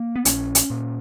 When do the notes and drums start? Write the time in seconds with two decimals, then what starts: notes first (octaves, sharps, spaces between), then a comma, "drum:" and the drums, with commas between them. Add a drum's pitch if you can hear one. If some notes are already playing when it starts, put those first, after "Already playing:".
Already playing: A#3
0.16 B3
0.25 A#1 C#4, drum: hi-hat
0.55 drum: hi-hat
0.70 A#2